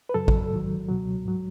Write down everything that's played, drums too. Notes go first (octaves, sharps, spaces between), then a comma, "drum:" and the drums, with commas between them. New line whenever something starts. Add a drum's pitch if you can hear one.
B4
F#2 C#3 F#3 A4
drum: kick
G#2 D#3 F#3
C#2 B2 F#3
G#2 F#3